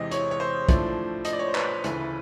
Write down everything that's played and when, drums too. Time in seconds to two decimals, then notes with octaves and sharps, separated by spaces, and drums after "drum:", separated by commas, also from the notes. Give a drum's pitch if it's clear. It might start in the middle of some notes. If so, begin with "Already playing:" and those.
Already playing: E2 C3 E3 G#3 C4 D#5
0.11 C#5, drum: hi-hat
0.31 C#5
0.40 C5
0.69 A2 F3 A3 D4, drum: kick, hi-hat
1.25 D#5, drum: hi-hat
1.33 D5
1.39 C#5
1.48 C5
1.55 B4, drum: clap
1.84 D2 C#3 E3 A3, drum: hi-hat